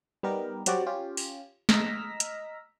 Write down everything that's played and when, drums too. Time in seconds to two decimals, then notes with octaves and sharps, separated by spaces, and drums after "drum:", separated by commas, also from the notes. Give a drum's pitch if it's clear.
0.23 G3 B3 D#4 G4 A#4
0.66 F#3 G3 C4 F#4 G4 D5, drum: hi-hat
0.86 C#4 F4 G4
1.17 drum: open hi-hat
1.69 D#5 A#5 E6 F6 A#6 B6, drum: snare
2.20 drum: hi-hat